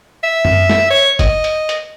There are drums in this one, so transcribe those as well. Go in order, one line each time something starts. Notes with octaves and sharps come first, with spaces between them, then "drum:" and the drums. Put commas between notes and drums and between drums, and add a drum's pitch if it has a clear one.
E5
drum: tom F#2
drum: snare
C#5
D#5, drum: kick G1, hi-hat
drum: hi-hat
drum: hi-hat